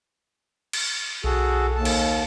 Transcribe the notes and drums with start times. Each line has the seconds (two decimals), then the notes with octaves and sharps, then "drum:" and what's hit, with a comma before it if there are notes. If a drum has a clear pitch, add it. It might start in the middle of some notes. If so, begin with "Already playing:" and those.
0.73 drum: cymbal
1.24 B1 F#4 G#4 A4
1.76 D#2 A5
1.85 drum: cymbal